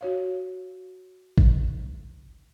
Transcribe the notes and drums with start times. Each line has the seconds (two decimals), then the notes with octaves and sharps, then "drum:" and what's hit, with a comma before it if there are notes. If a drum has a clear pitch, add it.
0.01 F#4 C#5 F5
1.38 drum: kick G#1